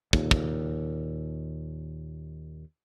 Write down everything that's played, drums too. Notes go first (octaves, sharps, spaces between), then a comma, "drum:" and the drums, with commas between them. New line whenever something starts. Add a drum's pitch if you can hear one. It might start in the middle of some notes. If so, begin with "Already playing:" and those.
D#2 A#2, drum: kick
drum: kick